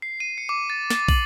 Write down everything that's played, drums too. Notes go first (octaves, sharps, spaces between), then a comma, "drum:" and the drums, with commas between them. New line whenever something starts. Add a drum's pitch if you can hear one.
C7
D#7
C#7
D6
A6
A6, drum: snare
F#7, drum: kick, open hi-hat